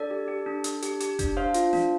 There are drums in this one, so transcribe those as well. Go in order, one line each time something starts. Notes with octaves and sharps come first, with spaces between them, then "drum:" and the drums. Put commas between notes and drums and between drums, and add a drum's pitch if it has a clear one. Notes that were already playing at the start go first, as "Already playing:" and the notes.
Already playing: D4 A4 D5
G4
G4
D4
D4, drum: hi-hat
G4, drum: hi-hat
G4, drum: hi-hat
D4, drum: kick F1, hi-hat
D4 C5 F5
F4, drum: hi-hat
D4, drum: snare